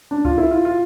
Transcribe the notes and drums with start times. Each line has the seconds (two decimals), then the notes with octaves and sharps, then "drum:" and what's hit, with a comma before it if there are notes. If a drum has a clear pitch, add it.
0.11 D4
0.25 F4, drum: kick C2
0.38 E4
0.51 F4
0.65 F4